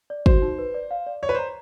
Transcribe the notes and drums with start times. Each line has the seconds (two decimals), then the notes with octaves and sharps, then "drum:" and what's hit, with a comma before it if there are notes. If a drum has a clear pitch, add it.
0.10 D5
0.26 F#4 C5, drum: kick
0.42 D#4
0.58 B4
0.74 D5
0.91 F5
1.06 D5
1.23 C#5 D5
1.29 B4
1.35 C5 A#5